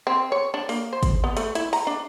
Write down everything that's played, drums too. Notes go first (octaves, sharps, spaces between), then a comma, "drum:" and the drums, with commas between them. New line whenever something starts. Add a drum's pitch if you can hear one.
C4
C#5
D4
A#3, drum: open hi-hat
C5
drum: kick, hi-hat
B3
A3, drum: hi-hat
E4, drum: hi-hat
A#5, drum: open hi-hat
D4